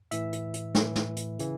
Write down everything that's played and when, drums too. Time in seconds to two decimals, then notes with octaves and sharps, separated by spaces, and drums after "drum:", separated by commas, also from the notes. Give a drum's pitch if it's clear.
0.11 A2 E3 E5, drum: hi-hat
0.33 drum: hi-hat
0.54 drum: hi-hat
0.75 A2 E3, drum: snare
0.95 drum: snare
1.16 drum: hi-hat
1.39 C#3 E3, drum: hi-hat